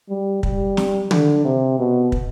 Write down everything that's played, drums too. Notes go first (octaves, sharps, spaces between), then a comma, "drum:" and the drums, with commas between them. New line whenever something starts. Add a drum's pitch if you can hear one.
G3
G3, drum: kick
drum: snare
D3, drum: tom
C3
B2
drum: kick